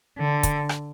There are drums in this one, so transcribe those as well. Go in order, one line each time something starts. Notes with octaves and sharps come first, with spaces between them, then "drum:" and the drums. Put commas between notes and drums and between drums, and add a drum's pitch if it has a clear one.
D3
drum: kick, hi-hat
drum: rim click